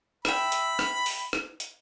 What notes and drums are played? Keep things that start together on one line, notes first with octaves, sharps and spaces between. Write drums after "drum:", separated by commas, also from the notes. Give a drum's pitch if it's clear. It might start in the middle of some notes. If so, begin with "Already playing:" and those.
E5 G5 B5, drum: rim click
drum: hi-hat
drum: rim click
drum: open hi-hat
drum: rim click
drum: hi-hat